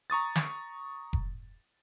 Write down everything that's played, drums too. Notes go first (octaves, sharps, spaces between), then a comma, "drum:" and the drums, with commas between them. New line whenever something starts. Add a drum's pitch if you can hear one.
A#5 C#6 D#6 A6
drum: snare
drum: kick F1